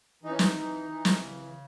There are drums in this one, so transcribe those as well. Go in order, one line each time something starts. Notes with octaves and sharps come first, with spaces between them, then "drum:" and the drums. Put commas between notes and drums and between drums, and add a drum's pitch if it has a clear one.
E3 D#4
C#4
D#4, drum: snare
E3
E3
drum: snare
C#3